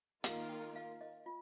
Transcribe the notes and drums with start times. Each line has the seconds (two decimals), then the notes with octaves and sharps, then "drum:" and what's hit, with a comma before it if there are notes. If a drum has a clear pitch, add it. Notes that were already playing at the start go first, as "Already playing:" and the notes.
0.24 D#3 A#3 F4 A#4 F5, drum: hi-hat
0.49 G5
0.76 F5
1.01 D#5
1.26 F4